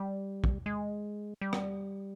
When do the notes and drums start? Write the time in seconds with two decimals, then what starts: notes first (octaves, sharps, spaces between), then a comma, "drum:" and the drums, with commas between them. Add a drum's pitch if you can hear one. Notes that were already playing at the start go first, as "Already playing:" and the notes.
Already playing: G3
0.44 drum: kick
0.66 G#3
1.41 G3
1.53 drum: rim click